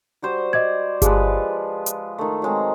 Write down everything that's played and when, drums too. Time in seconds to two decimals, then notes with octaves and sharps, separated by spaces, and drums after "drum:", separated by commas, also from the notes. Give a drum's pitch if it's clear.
0.22 G3 F#4 C5
0.53 D5 D#5 G#6
1.02 F3 G#3 G4 G#4 B4, drum: kick G1, hi-hat
1.86 drum: hi-hat
2.18 D#3 A3
2.42 F#3 G#3 C4